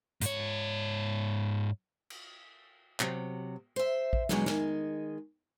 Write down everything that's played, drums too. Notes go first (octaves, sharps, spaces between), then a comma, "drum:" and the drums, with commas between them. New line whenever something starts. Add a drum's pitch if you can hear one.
G#2 C#5, drum: hi-hat
drum: cymbal
C3 F#3, drum: clap
C5 E5
drum: kick
E2 B2 D3 F#3 G#3, drum: snare
D#3 G#3, drum: snare